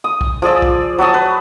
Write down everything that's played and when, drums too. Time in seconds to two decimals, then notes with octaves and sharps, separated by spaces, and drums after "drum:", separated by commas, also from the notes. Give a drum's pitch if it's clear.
0.04 D#6
0.21 drum: kick C2
0.42 F3 G#4 D5 E6
0.62 drum: kick C2
0.98 F#3 C#5 A5 D#6
1.14 B4